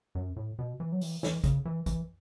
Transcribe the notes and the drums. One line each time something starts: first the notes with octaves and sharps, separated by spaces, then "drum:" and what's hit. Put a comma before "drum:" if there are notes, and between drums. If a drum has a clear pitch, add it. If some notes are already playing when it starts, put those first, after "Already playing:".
F#2
A2
B2
E3
F#3
E3, drum: open hi-hat
E3, drum: snare
C#3, drum: kick, hi-hat
E3
E3, drum: kick, hi-hat